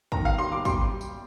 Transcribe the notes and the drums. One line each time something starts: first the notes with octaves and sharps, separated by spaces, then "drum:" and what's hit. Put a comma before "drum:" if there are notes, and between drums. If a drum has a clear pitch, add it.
D#3 A#5, drum: kick
F5
G3 C6
D6
G3 C6, drum: kick, tambourine
drum: tambourine